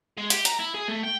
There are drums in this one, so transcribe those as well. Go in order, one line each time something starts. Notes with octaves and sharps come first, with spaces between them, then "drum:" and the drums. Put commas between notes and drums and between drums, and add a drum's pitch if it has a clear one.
G#3
G4, drum: hi-hat
A#5, drum: hi-hat
E4
G#4
A3
G5